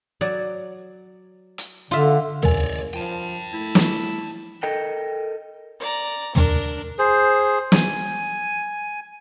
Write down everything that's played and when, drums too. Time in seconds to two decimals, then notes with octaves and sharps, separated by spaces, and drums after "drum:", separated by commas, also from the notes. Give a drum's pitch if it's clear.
0.21 F#3 D5
1.58 drum: hi-hat
1.91 D3 F4 E5
2.43 G#1 A#4 C#5 D5 G#5, drum: tom
2.94 F3 G5 A5
3.53 A3 E4
3.75 drum: snare
4.63 A4 A#4 D#5 G5
5.80 D5 A#5
6.35 D4 A#4, drum: tom
6.99 G#4 C5
7.72 G#5, drum: snare